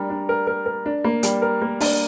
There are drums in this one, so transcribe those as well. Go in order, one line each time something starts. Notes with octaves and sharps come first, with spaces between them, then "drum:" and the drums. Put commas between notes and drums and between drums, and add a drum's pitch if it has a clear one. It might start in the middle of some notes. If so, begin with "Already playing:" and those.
Already playing: G3 D4 A#4
D4
A#4
A#4
A#4
D4
A#3
G3, drum: hi-hat
A#4
A#3
D4, drum: open hi-hat